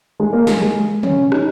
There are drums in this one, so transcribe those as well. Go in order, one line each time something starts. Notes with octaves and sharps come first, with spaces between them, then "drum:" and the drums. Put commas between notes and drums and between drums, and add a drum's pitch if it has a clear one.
G#3
A#3
G#3, drum: snare
G#3
C#4, drum: tom
D#4, drum: rim click